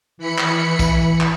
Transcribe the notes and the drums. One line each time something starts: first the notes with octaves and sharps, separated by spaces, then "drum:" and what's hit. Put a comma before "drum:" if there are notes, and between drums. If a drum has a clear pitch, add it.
E3 B5 C#7
drum: clap
drum: kick, tambourine
drum: clap